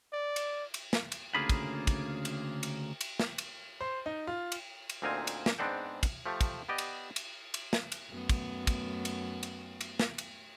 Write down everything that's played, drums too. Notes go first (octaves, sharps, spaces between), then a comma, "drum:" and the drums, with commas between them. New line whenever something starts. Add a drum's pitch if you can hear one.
D5
drum: cymbal
drum: cymbal
drum: snare
drum: cymbal
D2 C#3 A#3 F4 G#4 B5
drum: kick, cymbal
drum: kick, cymbal
drum: cymbal
drum: cymbal
drum: cymbal
drum: snare
drum: cymbal
C5
D#4
F4
drum: cymbal
drum: cymbal
D2 A#2 C4 D#4 F5 G#5
drum: cymbal
drum: snare
G#2 B3 C4 D4 F#5 G5
drum: kick, cymbal
F3 A3 G4
drum: kick, cymbal
B3 G4 D5 D#5
drum: cymbal
drum: cymbal
drum: cymbal
drum: snare
drum: cymbal
F#2 A3 B3
drum: kick, cymbal
drum: kick, cymbal
drum: cymbal
drum: cymbal
drum: cymbal
drum: snare
drum: cymbal